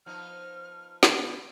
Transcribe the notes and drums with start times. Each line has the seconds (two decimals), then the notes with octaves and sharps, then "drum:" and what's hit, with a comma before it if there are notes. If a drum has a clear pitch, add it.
0.06 F3 B3 D#4 F6
1.03 B2 D3 B3 D4, drum: snare